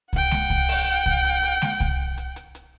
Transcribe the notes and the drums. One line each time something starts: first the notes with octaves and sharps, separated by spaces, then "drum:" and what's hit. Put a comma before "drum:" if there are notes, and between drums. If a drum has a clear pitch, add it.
F#5 G5, drum: kick C2, hi-hat
drum: snare G#3
drum: kick C2, hi-hat
drum: open hi-hat
drum: kick C2, hi-hat
drum: hi-hat
drum: hi-hat
drum: snare G#3
drum: kick C2, hi-hat
drum: hi-hat
drum: hi-hat
drum: hi-hat